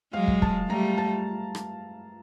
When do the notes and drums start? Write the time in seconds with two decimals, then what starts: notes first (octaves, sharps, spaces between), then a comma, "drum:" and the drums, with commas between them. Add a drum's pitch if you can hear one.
0.13 F#3 G#3 F5
0.28 drum: kick
0.42 A5, drum: kick
0.69 G3 A3 A#5
0.98 A5
1.55 drum: rim click